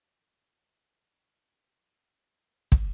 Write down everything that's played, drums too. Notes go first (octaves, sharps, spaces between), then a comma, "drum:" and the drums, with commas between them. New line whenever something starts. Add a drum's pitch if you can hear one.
G6
G#4 A4 C5
G#3 D#4 F4 A#4
C#5 F#5 D6
drum: kick